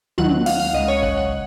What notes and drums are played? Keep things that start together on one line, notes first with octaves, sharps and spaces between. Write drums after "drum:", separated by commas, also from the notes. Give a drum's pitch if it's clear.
D#2 D#3 F#3 F#5, drum: tom
F5, drum: open hi-hat
F5
C#2 C#3 G#3 D#5
C#5
F#5, drum: kick G1
F#5